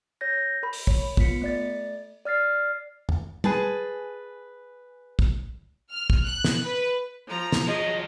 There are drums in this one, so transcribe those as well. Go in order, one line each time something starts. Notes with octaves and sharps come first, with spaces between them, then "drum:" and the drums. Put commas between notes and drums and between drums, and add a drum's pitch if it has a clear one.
C#5 G6 A#6
A#4 B5
drum: open hi-hat
C#5, drum: kick
B3 F4 B6 C#7, drum: kick
A3 D5 A6
D5 F6 A6 C7
drum: tom
G#4 B4 A5, drum: tom
drum: kick
F6
drum: kick
F#6
drum: snare
B4
F3 A#5
drum: snare
F3 F#3 G#4 D#5